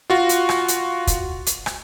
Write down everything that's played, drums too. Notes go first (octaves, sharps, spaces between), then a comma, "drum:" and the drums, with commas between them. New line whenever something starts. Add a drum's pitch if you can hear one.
F4 F#4
drum: hi-hat
drum: rim click
drum: hi-hat
drum: kick, hi-hat
drum: hi-hat
drum: rim click